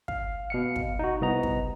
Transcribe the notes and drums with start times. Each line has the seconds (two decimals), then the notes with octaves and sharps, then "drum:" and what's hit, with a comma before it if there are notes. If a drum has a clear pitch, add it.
0.08 F5, drum: kick
0.50 B2 F5 C#7
0.76 drum: kick
0.99 D#4 F#4
1.21 C2 B3 D#5 A#5
1.43 drum: kick